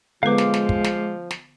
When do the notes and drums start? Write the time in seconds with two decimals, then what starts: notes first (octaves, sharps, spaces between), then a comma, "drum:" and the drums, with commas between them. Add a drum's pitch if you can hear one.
0.23 D3 F3 G#3 B3 B4 F5 D6
0.38 drum: snare
0.54 drum: snare
0.69 drum: kick
0.84 drum: snare
1.31 drum: snare